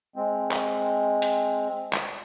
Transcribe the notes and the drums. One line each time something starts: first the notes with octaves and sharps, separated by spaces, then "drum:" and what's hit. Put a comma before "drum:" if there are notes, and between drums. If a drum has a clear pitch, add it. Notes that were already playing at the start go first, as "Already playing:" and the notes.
G#3 C4
drum: clap
drum: hi-hat
drum: clap